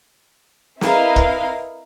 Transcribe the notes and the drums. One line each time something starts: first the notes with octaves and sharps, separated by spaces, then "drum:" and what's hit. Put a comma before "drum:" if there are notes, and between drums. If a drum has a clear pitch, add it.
C4 E4 A#4 B4 D#5 F5, drum: snare
drum: kick